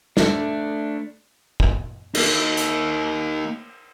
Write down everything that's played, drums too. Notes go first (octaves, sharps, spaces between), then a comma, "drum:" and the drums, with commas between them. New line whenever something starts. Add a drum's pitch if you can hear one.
A3 D4, drum: snare
drum: kick
A#3 D#4, drum: cymbal
drum: hi-hat